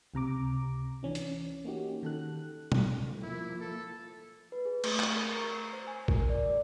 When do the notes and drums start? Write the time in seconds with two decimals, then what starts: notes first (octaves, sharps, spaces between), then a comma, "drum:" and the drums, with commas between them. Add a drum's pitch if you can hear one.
0.14 C#2 C3 A#5 D6
1.03 E3 C#4 D4
1.15 drum: hi-hat
1.65 A#3 C#4 D#4 F#4 G4
2.03 D#3 A4 F#6
2.72 drum: tom
3.22 F3 A#3 E4
3.60 A4
4.52 B4
4.65 G#4
4.84 A3, drum: cymbal
5.00 C#6, drum: clap
5.16 A#4
5.35 A#5
5.55 C7
5.73 C5
5.87 G#5
6.08 A#4, drum: kick A#1
6.30 D5
6.45 D5